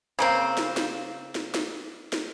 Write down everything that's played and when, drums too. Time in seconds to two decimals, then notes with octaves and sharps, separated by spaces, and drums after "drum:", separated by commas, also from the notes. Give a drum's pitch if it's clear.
0.19 C#3 A#3 C4
0.57 drum: snare
0.77 drum: snare
1.35 drum: snare
1.54 drum: snare
2.13 drum: snare